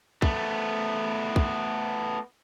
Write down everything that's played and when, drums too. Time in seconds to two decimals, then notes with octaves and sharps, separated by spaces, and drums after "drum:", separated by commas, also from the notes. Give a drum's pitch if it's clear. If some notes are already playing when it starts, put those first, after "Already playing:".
0.22 A3 B3, drum: kick
1.36 drum: kick